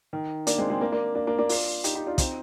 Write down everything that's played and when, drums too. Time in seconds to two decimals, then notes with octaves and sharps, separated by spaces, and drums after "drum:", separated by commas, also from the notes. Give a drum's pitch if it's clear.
0.13 D#3
0.47 A#3 D4, drum: hi-hat
0.58 G#3 C4
0.70 G#3 C4
0.81 A#3 D4
0.92 A#3 D4
1.15 A#3 D4
1.27 A#3 D4
1.38 A#3 D4
1.49 D4 F4, drum: open hi-hat
1.84 D#4 G4, drum: hi-hat
1.95 D#4 G4
2.07 D4 F4
2.18 C4 D#4, drum: kick, hi-hat